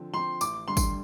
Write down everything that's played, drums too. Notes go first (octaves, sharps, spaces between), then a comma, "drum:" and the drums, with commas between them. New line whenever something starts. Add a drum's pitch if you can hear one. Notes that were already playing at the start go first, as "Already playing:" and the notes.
Already playing: D3 F3 C4
F3 C4 C6
A1 D6, drum: tambourine
G2 D3 G3 D4 C6
drum: kick, tambourine